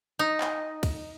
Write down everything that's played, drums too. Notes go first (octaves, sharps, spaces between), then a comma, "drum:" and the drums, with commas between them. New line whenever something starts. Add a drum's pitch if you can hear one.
D#4
drum: clap
drum: kick, cymbal